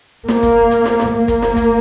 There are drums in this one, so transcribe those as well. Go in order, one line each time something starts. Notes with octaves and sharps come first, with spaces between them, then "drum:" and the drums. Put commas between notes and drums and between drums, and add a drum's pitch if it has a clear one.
A#3, drum: snare
drum: kick, hi-hat
drum: hi-hat
drum: snare
drum: snare
A#3
drum: kick, hi-hat
drum: snare
drum: kick, hi-hat